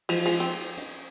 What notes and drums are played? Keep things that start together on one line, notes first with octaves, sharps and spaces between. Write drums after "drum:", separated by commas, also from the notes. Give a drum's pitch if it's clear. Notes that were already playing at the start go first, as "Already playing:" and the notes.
F3 G#3, drum: cymbal
G#3, drum: cymbal
C4
drum: hi-hat